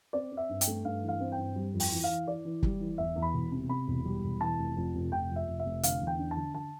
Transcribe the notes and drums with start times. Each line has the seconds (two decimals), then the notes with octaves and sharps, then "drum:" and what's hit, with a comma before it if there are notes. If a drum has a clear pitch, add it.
0.13 C4 D5
0.32 C4
0.37 E5
0.49 G2
0.61 G5, drum: hi-hat
0.67 A3
0.85 G2 F5
1.02 E3
1.08 F5
1.20 C4
1.32 G5
1.38 G2
1.56 G3
1.74 F2
1.80 G5, drum: open hi-hat
1.92 E3
2.04 F5
2.09 E3
2.27 E3 D5
2.45 E3
2.63 G3, drum: kick
2.80 E3
2.98 E2 E5
3.16 E2
3.22 B5
3.34 E1
3.52 C3
3.69 C3 B5
3.87 E1
4.05 G3
4.23 E1
4.41 E3 A5
4.59 F1
4.76 F2
4.95 F1
5.12 F1 G5
5.30 F2
5.36 E5
5.48 F1
5.59 E5
5.66 F1
5.83 D3 F5, drum: hi-hat
6.01 E2
6.07 G5
6.19 D4
6.31 A5
6.37 D3
6.54 D3 A5